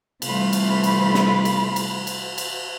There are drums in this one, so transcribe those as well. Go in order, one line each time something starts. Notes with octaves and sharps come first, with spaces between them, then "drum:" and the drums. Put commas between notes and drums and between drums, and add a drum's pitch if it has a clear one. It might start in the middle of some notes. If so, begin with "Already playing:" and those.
C3 E3 G3 A3 F4 B5, drum: cymbal
drum: cymbal
drum: cymbal
drum: snare
drum: cymbal
drum: cymbal
drum: cymbal
drum: cymbal